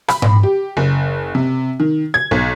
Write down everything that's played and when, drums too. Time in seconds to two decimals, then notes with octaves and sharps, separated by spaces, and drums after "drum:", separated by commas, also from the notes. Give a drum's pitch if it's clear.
0.08 B5, drum: rim click
0.22 drum: tom G#2
0.43 G4
0.77 F#1
1.35 C3
1.80 D#3
2.14 G#6
2.31 B1